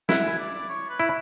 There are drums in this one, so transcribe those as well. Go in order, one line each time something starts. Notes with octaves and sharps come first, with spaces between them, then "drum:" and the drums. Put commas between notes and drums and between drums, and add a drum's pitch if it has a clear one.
E4 F#5, drum: snare
G#5
D5
D5
C#5
B4
E4